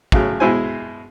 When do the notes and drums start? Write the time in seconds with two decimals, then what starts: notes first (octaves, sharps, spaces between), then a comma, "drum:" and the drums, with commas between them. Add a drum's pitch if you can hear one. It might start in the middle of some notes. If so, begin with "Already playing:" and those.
0.12 A2 C#3 F#3, drum: kick
0.40 B2 G#3 E4 C5 G#5